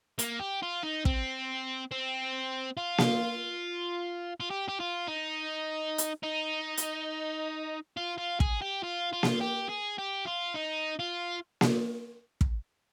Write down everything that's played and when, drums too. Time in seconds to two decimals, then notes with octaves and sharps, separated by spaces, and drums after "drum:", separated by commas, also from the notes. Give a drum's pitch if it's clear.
0.19 A#3, drum: hi-hat
0.40 G4
0.62 F4
0.83 D#4
1.05 C4, drum: kick
1.92 C4
2.77 F4
2.98 drum: snare A#3
4.40 F4
4.50 G4
4.69 G4
4.80 F4
5.08 D#4
5.98 drum: hi-hat
6.24 D#4
6.77 drum: hi-hat
7.97 F4
8.18 F4
8.40 G#4, drum: kick
8.62 G4
8.83 F4
9.13 F4
9.23 drum: snare A#3
9.41 G4
9.69 G#4
9.99 G4
10.27 F4
10.56 D#4
10.99 F4
11.61 drum: snare A#3
12.41 drum: kick